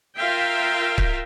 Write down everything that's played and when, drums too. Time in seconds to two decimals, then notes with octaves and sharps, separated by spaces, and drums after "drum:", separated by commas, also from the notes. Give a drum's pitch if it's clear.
0.17 F4 A#4 E5 F5 G5
0.98 drum: kick C#1